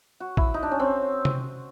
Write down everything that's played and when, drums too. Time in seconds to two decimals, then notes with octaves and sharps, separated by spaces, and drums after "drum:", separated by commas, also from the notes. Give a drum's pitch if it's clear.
0.20 F#4
0.37 E4, drum: kick
0.54 D#4
0.63 D4
0.71 C#4
0.80 C4
1.25 drum: tom C3